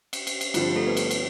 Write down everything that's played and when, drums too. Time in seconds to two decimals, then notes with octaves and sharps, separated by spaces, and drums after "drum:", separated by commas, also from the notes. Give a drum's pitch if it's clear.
0.13 drum: cymbal
0.27 drum: cymbal
0.41 drum: cymbal
0.54 G2 D3 F3 C4 F4, drum: cymbal
0.66 G4
0.75 A3 A4
0.86 B3 B4
0.97 drum: cymbal
1.11 drum: cymbal